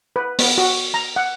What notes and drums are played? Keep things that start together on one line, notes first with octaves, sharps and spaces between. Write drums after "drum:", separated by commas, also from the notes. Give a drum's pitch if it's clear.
B4
B3, drum: open hi-hat
F#4
A#5
F#5